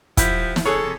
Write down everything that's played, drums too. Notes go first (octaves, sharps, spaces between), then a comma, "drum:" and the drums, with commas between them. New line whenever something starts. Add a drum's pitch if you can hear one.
F3 E4 G4 F#5, drum: kick, hi-hat
drum: snare
C#3 E3 G#4 A4 C#5
F2 C3